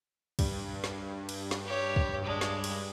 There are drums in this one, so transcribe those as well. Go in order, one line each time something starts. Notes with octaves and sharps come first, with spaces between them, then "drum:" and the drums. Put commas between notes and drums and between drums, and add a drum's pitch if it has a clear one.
G2, drum: kick, cymbal
drum: snare
drum: cymbal
drum: snare
G4 C#5
drum: kick
G#3 D4
drum: snare
drum: cymbal